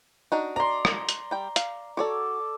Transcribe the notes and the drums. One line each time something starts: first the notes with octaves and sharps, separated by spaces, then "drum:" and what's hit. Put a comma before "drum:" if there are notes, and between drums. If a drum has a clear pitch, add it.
D4 D#4 F#4
D5 A#5 C6
drum: rim click
drum: hi-hat
G3 G5
F5, drum: hi-hat
F#4 A4 C#5 D5 D6